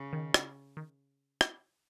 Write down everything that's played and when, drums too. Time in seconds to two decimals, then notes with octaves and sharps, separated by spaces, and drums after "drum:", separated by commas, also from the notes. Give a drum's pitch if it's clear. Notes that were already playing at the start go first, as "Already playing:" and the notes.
Already playing: C#3
0.13 D#3
0.34 drum: rim click
0.77 D#3
1.41 drum: rim click